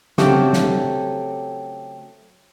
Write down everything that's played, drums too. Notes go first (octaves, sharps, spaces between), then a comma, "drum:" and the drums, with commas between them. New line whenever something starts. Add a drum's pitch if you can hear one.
C#3 F#3 A3 C4 G4 A4, drum: snare
drum: snare